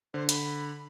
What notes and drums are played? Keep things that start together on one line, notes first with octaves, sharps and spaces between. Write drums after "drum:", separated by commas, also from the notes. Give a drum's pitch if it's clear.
D3 C5
B5, drum: hi-hat